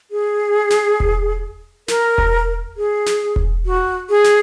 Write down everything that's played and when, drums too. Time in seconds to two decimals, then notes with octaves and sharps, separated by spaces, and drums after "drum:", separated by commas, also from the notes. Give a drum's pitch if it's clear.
0.11 G#4
0.71 drum: snare
1.00 drum: kick E1
1.88 A#4, drum: snare
2.18 drum: kick E1
2.77 G#4
3.07 drum: snare
3.36 drum: kick E1
3.66 F#4
4.10 G#4
4.24 drum: snare